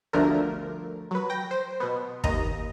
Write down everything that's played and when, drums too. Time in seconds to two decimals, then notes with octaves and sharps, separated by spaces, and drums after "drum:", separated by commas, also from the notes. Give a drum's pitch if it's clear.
0.13 G1 D2 D3 F3 A3 A#4
1.11 F#3 B4
1.30 G5 A#6
1.51 C5
1.80 B2 B3
2.24 D#2 D#5 A#5, drum: kick